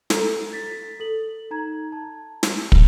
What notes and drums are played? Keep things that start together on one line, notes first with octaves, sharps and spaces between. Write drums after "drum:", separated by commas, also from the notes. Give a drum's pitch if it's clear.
A4 A#5, drum: snare
A6 B6
A4 F#7
D#4 A#5 G#6
A5
drum: snare
drum: kick